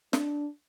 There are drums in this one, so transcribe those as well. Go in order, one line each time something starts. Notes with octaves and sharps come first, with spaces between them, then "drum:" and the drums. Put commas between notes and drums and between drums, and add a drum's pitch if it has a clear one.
D4, drum: snare